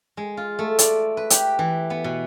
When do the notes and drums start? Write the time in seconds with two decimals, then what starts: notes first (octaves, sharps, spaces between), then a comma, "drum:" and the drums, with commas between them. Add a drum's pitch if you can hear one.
0.17 G#3
0.37 F4
0.59 A3
0.79 D5, drum: hi-hat
1.17 B4
1.30 G4, drum: hi-hat
1.59 E3
1.90 B3
2.04 B2